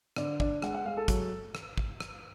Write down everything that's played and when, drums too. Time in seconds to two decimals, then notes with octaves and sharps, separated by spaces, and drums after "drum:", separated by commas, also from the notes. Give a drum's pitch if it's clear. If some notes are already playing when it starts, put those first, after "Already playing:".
0.16 D3 D5, drum: rim click
0.40 D4 D5, drum: kick
0.62 G#3 F#5, drum: rim click
0.74 F#5
0.85 G#3 F5
0.97 A4
1.08 F#3, drum: kick, hi-hat
1.55 drum: rim click
1.78 drum: kick
2.00 drum: rim click